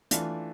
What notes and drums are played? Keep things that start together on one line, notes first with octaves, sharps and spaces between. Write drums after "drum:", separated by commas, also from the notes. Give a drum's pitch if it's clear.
E3 A3 D4 F4, drum: hi-hat